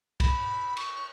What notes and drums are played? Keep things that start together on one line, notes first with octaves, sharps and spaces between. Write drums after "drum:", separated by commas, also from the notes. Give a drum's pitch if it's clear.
B5, drum: kick, cymbal
C#6, drum: cymbal